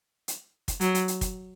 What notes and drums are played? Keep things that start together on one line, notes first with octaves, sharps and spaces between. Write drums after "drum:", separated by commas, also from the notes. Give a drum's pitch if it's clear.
drum: hi-hat
drum: kick, hi-hat
F#3, drum: hi-hat
drum: hi-hat
drum: hi-hat
drum: kick, hi-hat